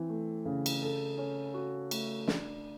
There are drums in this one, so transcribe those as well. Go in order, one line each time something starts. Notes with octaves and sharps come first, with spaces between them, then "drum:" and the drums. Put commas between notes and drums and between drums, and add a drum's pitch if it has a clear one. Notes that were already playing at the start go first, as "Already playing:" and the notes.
Already playing: E3 C4
A3
C#3
drum: cymbal
A4
C#4
F#4
A3, drum: cymbal
D4, drum: snare